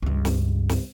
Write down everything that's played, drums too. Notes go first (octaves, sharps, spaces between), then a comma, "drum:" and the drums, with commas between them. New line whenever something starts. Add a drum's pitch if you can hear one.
C#2 G2
drum: snare
drum: snare